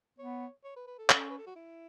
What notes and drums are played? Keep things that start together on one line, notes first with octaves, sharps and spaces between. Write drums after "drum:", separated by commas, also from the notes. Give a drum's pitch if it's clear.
B3 C#5
C#5
B4
B4
A4
C#4 A4, drum: clap
B4
A4
F#4
E4